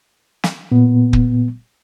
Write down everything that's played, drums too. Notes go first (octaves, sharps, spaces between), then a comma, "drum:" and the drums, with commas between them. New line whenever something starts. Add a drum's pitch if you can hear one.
drum: snare
A#2 B3
drum: kick